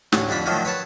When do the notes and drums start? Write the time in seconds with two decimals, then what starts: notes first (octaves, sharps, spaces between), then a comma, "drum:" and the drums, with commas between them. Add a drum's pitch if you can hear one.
0.12 A1 D2 C#5, drum: snare
0.29 F2 D3 D4 B5
0.46 D3 D#3 F3 F#3 A3
0.65 B4 C#5 F#5 A5